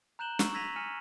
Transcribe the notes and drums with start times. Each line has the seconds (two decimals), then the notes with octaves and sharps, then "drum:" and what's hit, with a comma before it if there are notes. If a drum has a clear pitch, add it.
0.19 A#5 F#6 G6 E7 F#7 G7
0.39 C#6 E6, drum: snare
0.54 E6 G#6 A#6 B6 D#7 F7
0.76 G#5 F6 A#6 C#7 D#7 E7